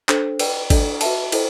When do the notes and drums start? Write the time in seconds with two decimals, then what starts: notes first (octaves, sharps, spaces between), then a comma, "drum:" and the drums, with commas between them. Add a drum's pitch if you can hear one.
0.09 D4 A4 C5, drum: clap
0.39 B4 D5 G5, drum: cymbal
0.70 D4 A4 D5, drum: kick G#1, cymbal
1.01 F#4 B4 E5 A5, drum: cymbal
1.32 E4 A4 C5, drum: cymbal